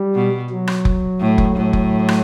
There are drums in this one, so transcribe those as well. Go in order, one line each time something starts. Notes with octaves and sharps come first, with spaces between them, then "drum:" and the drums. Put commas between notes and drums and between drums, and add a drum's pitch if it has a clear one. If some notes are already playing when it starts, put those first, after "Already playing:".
Already playing: G3
B2
F#3
drum: rim click
drum: kick F1
A2
drum: kick F1
A2
drum: kick F1
drum: rim click